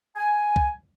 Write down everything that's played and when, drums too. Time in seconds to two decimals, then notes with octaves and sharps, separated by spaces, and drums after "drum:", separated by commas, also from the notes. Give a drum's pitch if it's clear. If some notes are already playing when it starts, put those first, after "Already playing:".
0.16 G#5
0.56 drum: kick C2